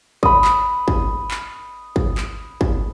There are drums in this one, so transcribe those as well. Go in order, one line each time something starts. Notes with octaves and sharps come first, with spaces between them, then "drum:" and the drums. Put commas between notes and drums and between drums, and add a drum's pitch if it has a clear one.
D#5 B5, drum: kick
drum: clap
drum: kick
drum: clap
drum: kick
drum: clap
drum: kick